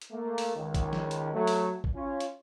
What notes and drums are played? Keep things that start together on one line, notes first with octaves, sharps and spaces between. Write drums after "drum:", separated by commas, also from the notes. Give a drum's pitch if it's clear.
drum: hi-hat
A3 A#3
drum: open hi-hat
C#2 D#3
drum: kick A1, hi-hat
drum: snare
drum: hi-hat
F#3 A3
drum: open hi-hat
drum: kick A1
C#4 F4
drum: hi-hat